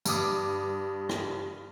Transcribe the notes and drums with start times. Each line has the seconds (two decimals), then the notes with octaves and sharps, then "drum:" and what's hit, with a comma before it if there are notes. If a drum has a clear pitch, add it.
0.05 G2 D6 D#6, drum: tambourine
1.09 drum: rim click